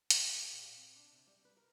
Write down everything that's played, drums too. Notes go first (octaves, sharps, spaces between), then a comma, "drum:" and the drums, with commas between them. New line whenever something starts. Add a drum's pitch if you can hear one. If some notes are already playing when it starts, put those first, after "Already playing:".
A#2, drum: hi-hat
G#2
G4
A#2
A#2
C4
D4
C3
G3
B4
A#4